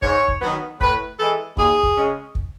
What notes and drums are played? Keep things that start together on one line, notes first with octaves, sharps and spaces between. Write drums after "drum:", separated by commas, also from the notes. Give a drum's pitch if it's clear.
G#2 C#5, drum: kick
drum: kick
D#3 F#3 B3
A2 B4, drum: kick
E3 G#3 A4
D#2 G#4, drum: kick
drum: kick
C#3 G#3 C#4
drum: kick